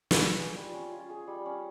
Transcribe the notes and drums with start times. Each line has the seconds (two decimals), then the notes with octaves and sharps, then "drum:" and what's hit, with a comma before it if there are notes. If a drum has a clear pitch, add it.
0.11 drum: snare
0.20 F4
0.38 G#4
0.56 G3
0.74 C#4
0.92 F4
1.10 G#4
1.28 G3
1.46 C#4